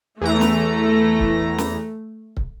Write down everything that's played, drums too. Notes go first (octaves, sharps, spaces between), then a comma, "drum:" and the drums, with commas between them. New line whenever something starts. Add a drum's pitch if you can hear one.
E2 E3 A3 A#5
drum: snare
drum: kick C#1
drum: snare
drum: kick C#1